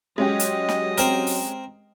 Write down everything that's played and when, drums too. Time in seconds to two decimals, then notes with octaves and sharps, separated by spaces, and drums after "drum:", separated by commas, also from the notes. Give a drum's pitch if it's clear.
0.18 F#3 G#3 C#4 G4 D#5
0.40 drum: hi-hat
0.69 drum: snare
0.98 C4 A#4, drum: hi-hat
1.27 drum: open hi-hat